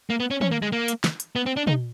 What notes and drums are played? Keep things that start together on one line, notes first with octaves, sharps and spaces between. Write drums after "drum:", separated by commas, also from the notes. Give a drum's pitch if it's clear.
A#3
B3
C#4
C#4, drum: tom
A#3
G#3
A#3
drum: hi-hat
drum: snare
drum: hi-hat
B3
C4
D4
D#4, drum: tom